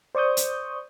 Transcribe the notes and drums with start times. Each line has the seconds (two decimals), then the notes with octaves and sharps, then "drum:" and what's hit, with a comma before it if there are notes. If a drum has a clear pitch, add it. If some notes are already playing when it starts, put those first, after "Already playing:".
0.15 C5 D5 C#6 D#6 G6
0.37 drum: hi-hat